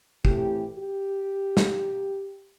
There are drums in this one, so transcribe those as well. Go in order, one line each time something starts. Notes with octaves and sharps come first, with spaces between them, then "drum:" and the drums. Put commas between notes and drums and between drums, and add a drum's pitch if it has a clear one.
A2 E3 A3 C4 G4, drum: kick G1
G4
drum: snare